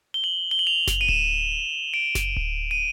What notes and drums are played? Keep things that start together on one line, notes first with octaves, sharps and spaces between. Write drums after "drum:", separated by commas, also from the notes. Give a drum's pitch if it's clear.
G7
F#7
G7
F#7
F7
drum: snare F#1
D#7
E7, drum: kick D1
D7
drum: snare F#1
drum: kick D1
D#7